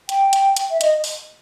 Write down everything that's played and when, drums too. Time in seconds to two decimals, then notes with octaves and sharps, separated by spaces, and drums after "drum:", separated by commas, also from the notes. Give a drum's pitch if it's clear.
0.09 G5, drum: hi-hat
0.33 drum: hi-hat
0.57 drum: hi-hat
0.70 E5
0.81 D#5, drum: hi-hat
1.04 drum: open hi-hat